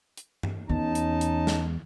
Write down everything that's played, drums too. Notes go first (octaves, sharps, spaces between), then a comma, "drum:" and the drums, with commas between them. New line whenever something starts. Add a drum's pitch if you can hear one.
drum: hi-hat
drum: tom G2
E2 C#4 D#4 A5
drum: hi-hat
drum: hi-hat
drum: snare